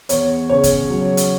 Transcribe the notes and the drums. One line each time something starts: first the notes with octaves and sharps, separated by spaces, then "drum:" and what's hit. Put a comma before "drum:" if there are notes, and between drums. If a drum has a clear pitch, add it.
E2 C#5, drum: hi-hat
C#3 C#5
drum: kick, hi-hat
F#3
drum: hi-hat